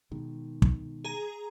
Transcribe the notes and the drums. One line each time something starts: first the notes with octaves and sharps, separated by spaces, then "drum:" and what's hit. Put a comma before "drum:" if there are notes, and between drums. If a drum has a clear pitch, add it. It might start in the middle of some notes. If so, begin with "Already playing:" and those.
B2 D#3 G#3
drum: kick
G#4 A#5